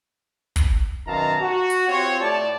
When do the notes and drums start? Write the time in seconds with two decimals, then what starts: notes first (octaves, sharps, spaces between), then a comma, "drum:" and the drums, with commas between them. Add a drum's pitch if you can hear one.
0.56 drum: kick, hi-hat
1.07 F#2 B2 D#3 F5 A5 A#5
1.41 F#4
1.70 drum: hi-hat
1.89 C4 F4 G4 C5 C#5
2.21 A2 D5 A5